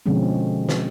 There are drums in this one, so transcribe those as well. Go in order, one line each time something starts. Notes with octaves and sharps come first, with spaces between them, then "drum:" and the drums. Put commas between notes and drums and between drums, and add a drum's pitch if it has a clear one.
B2 D3 F3 G#3 C4 C#4
drum: snare